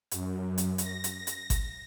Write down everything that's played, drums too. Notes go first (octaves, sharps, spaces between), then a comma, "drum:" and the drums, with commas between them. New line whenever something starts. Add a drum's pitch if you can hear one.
F#2, drum: hi-hat
drum: hi-hat
A#6, drum: hi-hat
drum: hi-hat
drum: hi-hat
drum: kick G1, hi-hat